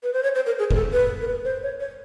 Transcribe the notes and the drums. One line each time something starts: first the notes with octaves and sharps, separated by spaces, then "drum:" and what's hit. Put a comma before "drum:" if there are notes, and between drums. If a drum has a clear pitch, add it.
B4
C5
C#5
C5
A#4
G#4
A#4, drum: kick F1
A4
B4
A#4
B4
C5
C#5
C#5